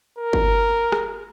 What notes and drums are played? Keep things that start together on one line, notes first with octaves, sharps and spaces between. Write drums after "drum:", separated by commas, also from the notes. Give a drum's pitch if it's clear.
A#4
drum: kick G1
drum: rim click